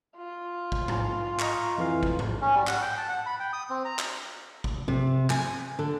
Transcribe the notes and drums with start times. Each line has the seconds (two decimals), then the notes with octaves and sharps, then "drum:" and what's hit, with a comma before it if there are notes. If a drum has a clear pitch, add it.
0.17 F4
0.72 drum: kick A1
0.88 drum: tom G#2
1.39 D#5 A#5 C#6, drum: clap
1.78 F2 E3 F5
2.03 drum: kick A1
2.19 drum: tom G#2
2.42 C#4
2.55 G3
2.67 F#5, drum: clap
2.81 G5
2.98 A5
3.09 F#5
3.26 B5
3.40 G5
3.53 D#6
3.70 C4
3.85 A#5
3.99 drum: clap
4.64 drum: kick A1
4.88 C3
5.30 G#5, drum: clap
5.79 D3